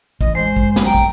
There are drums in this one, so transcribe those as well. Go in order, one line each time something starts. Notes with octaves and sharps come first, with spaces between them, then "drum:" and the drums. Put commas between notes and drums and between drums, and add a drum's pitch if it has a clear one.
A2 E3 D#5, drum: kick
G#3 C5
G1, drum: kick
drum: snare
F#2 F#3 G5 A#5
drum: kick